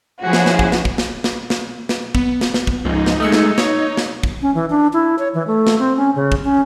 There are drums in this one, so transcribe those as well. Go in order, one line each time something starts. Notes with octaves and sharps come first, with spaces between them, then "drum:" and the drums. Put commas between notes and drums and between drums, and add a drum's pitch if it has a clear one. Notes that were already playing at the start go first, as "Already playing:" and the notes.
F3 C#4 E4 F#4 G#4
drum: snare
drum: snare
drum: kick
drum: snare
drum: kick
drum: snare
drum: snare
drum: snare
drum: snare
B3, drum: kick
drum: snare
drum: snare
drum: kick
C#2 G#2 F3 D#4
drum: snare
G#3 A3 D#6 E6 C#7
drum: snare
C#5, drum: snare
drum: snare
drum: kick
C#4
E3
D4
E4
C#5
E3
A3
drum: snare
C4
C#4
C#3
drum: kick
C#4